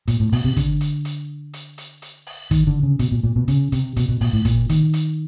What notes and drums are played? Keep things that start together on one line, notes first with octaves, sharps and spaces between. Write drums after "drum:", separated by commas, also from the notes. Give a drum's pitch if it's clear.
A#2, drum: hi-hat
A2
B2, drum: open hi-hat
C3
D3, drum: kick, hi-hat
drum: hi-hat
drum: hi-hat
drum: hi-hat
drum: hi-hat
drum: hi-hat
drum: open hi-hat
D#3, drum: kick, hi-hat
D3
C#3
B2, drum: hi-hat
A#2
A#2
B2
C#3, drum: hi-hat
C3, drum: hi-hat
B2, drum: hi-hat
B2
A#2, drum: open hi-hat
A2
A#2, drum: kick, hi-hat
D#3, drum: hi-hat
drum: hi-hat